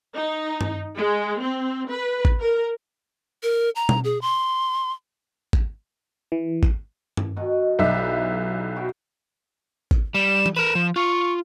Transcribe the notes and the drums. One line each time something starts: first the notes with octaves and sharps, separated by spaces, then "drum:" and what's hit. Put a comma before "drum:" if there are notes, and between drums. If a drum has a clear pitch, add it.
D#4
drum: tom G2
G#3
C4
B4
drum: kick
A#4
A#4
A#5
drum: tom B2
G#4
C6
drum: kick
E3
drum: kick
drum: tom G2
B2 D#3
B1 E3 G3 E5
E4 F#4 G5
drum: kick
G3 E7
drum: tom E3
A#4 B4 E7
F3
F4 C#6